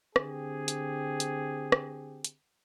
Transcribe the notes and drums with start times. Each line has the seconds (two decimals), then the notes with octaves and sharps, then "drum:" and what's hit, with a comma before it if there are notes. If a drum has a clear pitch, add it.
0.16 D3 C4 G4 G#4, drum: rim click
0.68 drum: hi-hat
1.20 drum: hi-hat
1.72 drum: rim click
2.24 drum: hi-hat